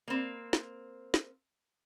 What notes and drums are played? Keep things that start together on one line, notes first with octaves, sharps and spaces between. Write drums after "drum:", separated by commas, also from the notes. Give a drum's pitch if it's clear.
A#3 C4
drum: snare
drum: snare